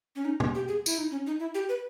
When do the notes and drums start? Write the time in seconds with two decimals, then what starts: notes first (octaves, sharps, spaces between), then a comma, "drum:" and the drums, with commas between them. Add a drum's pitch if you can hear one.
0.16 C#4
0.25 D#4
0.40 drum: tom
0.55 G4
0.68 G#4
0.86 E4, drum: tambourine
0.98 D#4
1.11 C#4
1.27 D#4
1.40 E4
1.55 G4
1.69 B4